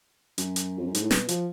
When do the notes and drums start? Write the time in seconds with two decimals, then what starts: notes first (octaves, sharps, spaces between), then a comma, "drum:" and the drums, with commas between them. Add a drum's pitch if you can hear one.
0.38 F#2, drum: hi-hat
0.56 drum: hi-hat
0.78 F2
0.86 F#2
0.95 G#2, drum: hi-hat
1.02 A2
1.11 B2, drum: snare
1.29 F3, drum: hi-hat